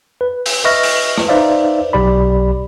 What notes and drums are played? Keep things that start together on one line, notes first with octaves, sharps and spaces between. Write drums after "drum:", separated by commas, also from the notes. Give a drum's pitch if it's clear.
B4
drum: open hi-hat
B4 D#5 E5 C#6 F6 A#6
drum: open hi-hat
drum: rim click
D#4 B4 C5 D5 E5 F5
B1 G4 D5 B5